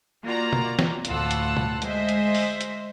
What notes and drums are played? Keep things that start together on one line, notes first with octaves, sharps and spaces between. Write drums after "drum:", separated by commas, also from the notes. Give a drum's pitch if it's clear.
A#3 F4 F#4 D5 A#5
drum: tom B2
drum: snare E3
D2 A2 F4 F#5 A5 E6, drum: hi-hat
drum: hi-hat
drum: tom
G#3 C5 D#5 E5, drum: hi-hat
drum: hi-hat
drum: open hi-hat
drum: hi-hat